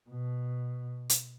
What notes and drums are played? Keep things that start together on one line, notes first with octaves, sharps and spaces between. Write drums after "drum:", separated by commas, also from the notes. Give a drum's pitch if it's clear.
B2
drum: hi-hat